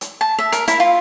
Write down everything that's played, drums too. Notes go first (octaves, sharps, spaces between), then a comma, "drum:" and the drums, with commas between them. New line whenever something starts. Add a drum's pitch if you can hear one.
drum: hi-hat
A5
E5
A#4, drum: hi-hat
E4, drum: hi-hat
F4